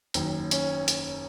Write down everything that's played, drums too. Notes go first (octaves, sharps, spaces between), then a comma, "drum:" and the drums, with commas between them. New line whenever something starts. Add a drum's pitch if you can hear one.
F#1 F#2 D#3, drum: hi-hat
C#4, drum: hi-hat
drum: hi-hat